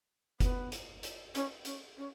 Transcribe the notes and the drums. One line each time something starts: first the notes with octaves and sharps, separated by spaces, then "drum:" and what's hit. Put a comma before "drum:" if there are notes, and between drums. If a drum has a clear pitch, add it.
B3, drum: kick F#1, hi-hat
drum: hi-hat
drum: hi-hat
C#4, drum: hi-hat
C#4, drum: hi-hat
C#4